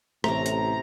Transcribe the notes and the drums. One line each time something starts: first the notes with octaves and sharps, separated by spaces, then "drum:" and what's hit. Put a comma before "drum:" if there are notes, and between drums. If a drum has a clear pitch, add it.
A1 A2 C3 A3 C4 A#5, drum: rim click
drum: hi-hat